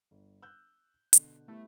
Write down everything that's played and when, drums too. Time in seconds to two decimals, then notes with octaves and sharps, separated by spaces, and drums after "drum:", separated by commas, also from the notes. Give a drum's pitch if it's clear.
0.11 G1
0.42 E6 F#6 G6
1.13 B2 D3, drum: hi-hat
1.48 G3 A3 B3 E4